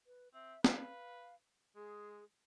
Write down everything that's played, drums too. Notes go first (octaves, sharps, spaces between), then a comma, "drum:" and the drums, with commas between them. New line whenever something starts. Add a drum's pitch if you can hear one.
B4
C4 E5
B4 F5, drum: snare
G#3 G#4